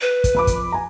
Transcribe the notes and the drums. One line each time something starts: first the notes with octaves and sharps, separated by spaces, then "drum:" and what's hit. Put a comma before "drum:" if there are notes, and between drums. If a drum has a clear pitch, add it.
B4
drum: kick, hi-hat
F2 B5 D6
drum: kick, hi-hat
G#5 A#5